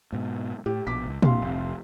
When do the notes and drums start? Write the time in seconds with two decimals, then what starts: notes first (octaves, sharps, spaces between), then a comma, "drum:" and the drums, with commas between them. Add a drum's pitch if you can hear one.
0.13 G#2 B2
0.66 A2 G4
0.87 A#1 B2 D6 B6
1.06 C#2
1.22 E1 C2 A#3 D4 F5 C6, drum: tom A#2
1.42 F1